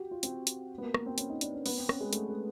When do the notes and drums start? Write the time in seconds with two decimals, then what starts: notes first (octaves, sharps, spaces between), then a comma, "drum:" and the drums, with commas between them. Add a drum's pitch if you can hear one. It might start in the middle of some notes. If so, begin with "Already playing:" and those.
Already playing: F#4 G4
0.11 F4
0.23 C4, drum: hi-hat
0.47 drum: hi-hat
0.78 B3
0.83 A#3
0.94 A#3, drum: rim click
1.06 C4
1.18 C#4, drum: hi-hat
1.29 D#4
1.41 D4, drum: hi-hat
1.53 C#4
1.66 B3, drum: open hi-hat
1.77 C4
1.89 C#4, drum: rim click
2.01 G#3
2.13 A3, drum: hi-hat
2.29 G#3